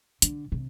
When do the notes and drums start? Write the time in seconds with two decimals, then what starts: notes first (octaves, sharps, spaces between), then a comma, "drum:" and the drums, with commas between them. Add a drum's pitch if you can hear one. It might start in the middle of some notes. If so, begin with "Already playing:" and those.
0.22 D3, drum: hi-hat
0.52 C3